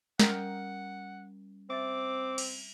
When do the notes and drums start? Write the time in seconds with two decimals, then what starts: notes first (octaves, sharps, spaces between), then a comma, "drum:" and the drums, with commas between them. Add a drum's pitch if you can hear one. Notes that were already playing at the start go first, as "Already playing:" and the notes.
0.20 G3 C#4 A#4 D#5 F#5 G5, drum: snare
1.70 C4 E5 D6 A6
2.38 drum: cymbal